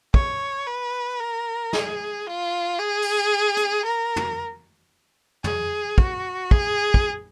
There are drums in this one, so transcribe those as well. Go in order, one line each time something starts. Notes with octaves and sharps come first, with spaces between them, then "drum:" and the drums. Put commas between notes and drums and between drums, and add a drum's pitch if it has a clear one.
C#5, drum: kick
B4
A#4
G#4, drum: snare
F4
G#4
drum: open hi-hat
drum: hi-hat
A#4
drum: tom
G#4, drum: tom
F#4, drum: kick
G#4, drum: kick
drum: kick